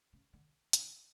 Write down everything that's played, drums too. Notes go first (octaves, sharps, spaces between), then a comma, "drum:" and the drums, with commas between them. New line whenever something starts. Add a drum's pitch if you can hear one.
C#3
D3
D3, drum: hi-hat